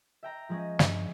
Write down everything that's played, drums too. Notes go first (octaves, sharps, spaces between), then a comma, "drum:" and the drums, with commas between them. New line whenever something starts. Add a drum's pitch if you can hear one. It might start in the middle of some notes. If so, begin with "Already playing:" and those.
E5 G5 A#5
F3 G#3 C#4
G2, drum: snare